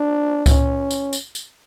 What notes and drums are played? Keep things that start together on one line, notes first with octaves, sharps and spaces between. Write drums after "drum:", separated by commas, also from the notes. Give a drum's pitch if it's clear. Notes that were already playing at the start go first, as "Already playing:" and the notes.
Already playing: D4
C#4, drum: kick C#2, tambourine
drum: tambourine
drum: tambourine
drum: tambourine